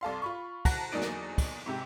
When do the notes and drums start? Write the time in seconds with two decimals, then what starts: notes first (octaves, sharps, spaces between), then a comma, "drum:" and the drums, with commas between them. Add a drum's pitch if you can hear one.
0.01 C2 A4 F5 C6
0.22 F4 B5 C#6
0.65 F#5 A5 A#5 F#6 A#6, drum: kick, cymbal
0.92 E2 F#3 A#3 D#4 D5 D7
1.02 drum: snare
1.38 drum: kick, cymbal
1.66 G#2 C3 G4